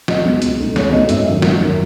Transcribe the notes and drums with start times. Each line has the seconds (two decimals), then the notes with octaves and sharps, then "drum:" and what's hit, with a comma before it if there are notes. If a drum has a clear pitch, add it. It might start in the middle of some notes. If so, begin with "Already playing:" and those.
0.08 B1 D#5, drum: snare
0.25 B2 G#3 B3
0.42 C#2, drum: hi-hat
0.59 B2 A3 D#4
0.76 C#2 C#5, drum: snare
0.92 B2 A3 D#4 D#5
1.09 G#1 E5, drum: hi-hat
1.18 D#5
1.25 F#2 D#3 E5
1.42 G#1, drum: snare
1.60 F#2 D#3